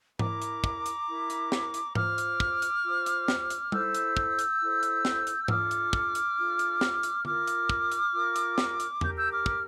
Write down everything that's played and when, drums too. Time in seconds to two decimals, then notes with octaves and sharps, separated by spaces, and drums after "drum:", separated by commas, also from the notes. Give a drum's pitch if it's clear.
0.19 E4 A#4 A#5 D6, drum: tom G#2
0.42 drum: hi-hat
0.64 drum: kick
0.86 drum: hi-hat
1.08 E4 A#4
1.30 drum: hi-hat
1.52 drum: snare
1.74 drum: hi-hat
1.95 F4 C5 D6 F6, drum: tom G#2
2.18 drum: hi-hat
2.40 drum: kick
2.62 drum: hi-hat
2.84 F4 C5
3.06 drum: hi-hat
3.28 drum: snare
3.50 drum: hi-hat
3.72 E4 A4 C5 E6 G6, drum: tom G3
3.95 drum: hi-hat
4.17 drum: kick
4.39 drum: hi-hat
4.61 E4 A4 C5
4.83 drum: hi-hat
5.05 drum: snare
5.27 drum: hi-hat
5.44 G6
5.48 D4 F4 A4 D6 F6, drum: tom G#2
5.71 drum: hi-hat
5.93 drum: kick
6.15 drum: hi-hat
6.37 D4 F4 A4
6.59 drum: hi-hat
6.81 drum: snare
7.03 drum: hi-hat
7.25 F4 A#4 D6 F6, drum: tom D3
7.47 drum: hi-hat
7.69 drum: kick
7.92 drum: hi-hat
8.13 F4 A#4
8.36 drum: hi-hat
8.58 drum: snare
8.80 drum: hi-hat
9.01 D4 G4 A#4 G6, drum: tom E2
9.17 E6 G6
9.31 D6 F6
9.46 drum: kick